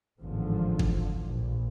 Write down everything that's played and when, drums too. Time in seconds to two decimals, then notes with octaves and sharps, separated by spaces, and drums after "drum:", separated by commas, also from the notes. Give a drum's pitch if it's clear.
0.19 G#1 E2 A2 D3 F3
0.79 drum: kick
1.26 A#1